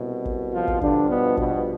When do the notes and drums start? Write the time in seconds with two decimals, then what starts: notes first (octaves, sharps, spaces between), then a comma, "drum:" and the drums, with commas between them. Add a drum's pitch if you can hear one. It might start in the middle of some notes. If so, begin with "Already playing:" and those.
Already playing: C2 B2
0.25 drum: kick
0.54 F3 F4
0.68 drum: kick
0.81 G2 D3 F3 D4, drum: kick
1.09 B2 B3
1.37 B2 B3, drum: kick